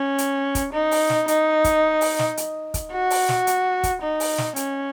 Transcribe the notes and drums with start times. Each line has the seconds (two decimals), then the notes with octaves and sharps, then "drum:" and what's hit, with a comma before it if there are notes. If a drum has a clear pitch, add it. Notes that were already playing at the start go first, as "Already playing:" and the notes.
Already playing: C#4
0.18 drum: hi-hat
0.55 drum: kick, hi-hat
0.73 D#4
0.91 drum: open hi-hat
1.10 drum: snare
1.28 D#4, drum: hi-hat
1.64 drum: kick, hi-hat
2.01 drum: open hi-hat
2.19 drum: snare
2.37 drum: hi-hat
2.74 drum: kick, hi-hat
2.92 F#4
3.10 drum: open hi-hat
3.29 drum: snare
3.47 drum: hi-hat
3.83 drum: kick, hi-hat
4.02 D#4
4.20 drum: open hi-hat
4.38 drum: snare
4.56 C#4, drum: hi-hat